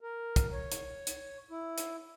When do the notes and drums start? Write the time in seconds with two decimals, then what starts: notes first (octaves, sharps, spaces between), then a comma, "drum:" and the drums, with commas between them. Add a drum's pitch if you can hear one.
0.01 A#4
0.36 drum: kick, hi-hat
0.52 C#5
0.72 drum: hi-hat
1.07 drum: hi-hat
1.51 E4
1.78 drum: hi-hat